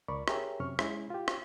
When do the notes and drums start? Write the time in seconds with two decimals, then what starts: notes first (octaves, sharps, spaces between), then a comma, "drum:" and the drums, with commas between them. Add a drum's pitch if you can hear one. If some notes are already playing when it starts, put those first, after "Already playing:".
0.08 C#2 A#4 D5 B5 C#6
0.28 G4 G#4 A#4 C#5 E5, drum: rim click
0.60 F#2 C3 C#4 C#6 F6
0.79 G#3 C#4 E4, drum: rim click
1.10 F4 G4
1.28 drum: rim click